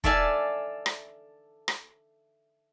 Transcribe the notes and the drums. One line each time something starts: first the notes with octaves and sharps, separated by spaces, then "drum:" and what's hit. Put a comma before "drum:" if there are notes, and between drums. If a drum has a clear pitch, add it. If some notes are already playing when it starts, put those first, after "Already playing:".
A4 D5 E5 F5 G#5 A5, drum: kick
drum: rim click
drum: rim click